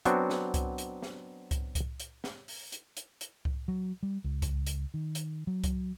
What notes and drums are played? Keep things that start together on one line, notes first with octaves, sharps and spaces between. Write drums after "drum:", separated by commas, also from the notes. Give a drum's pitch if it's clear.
F#3 B3 C4 D4 F#4, drum: hi-hat
drum: snare
drum: kick C2, hi-hat
drum: hi-hat
drum: snare
drum: kick C2, hi-hat
drum: kick C2, hi-hat
drum: hi-hat
drum: snare
drum: open hi-hat
drum: hi-hat
drum: hi-hat
drum: hi-hat
drum: kick C2
F#3
G3
C#2
drum: kick C2, hi-hat
drum: hi-hat
D#3
drum: hi-hat
F#3
drum: kick C2, hi-hat